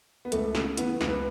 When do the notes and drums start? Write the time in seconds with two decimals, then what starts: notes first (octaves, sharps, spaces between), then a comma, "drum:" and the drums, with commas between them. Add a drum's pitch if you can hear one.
0.25 B3
0.32 C#2 A3, drum: hi-hat
0.55 C#3, drum: snare
0.77 E3 B3, drum: hi-hat
1.01 C#2, drum: snare
1.08 B4